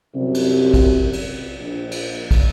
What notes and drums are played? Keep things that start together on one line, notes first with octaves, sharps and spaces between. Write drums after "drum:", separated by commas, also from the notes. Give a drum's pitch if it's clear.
C2 F#2 C3
drum: cymbal
drum: kick, cymbal
drum: cymbal
A#1
drum: cymbal
drum: kick, cymbal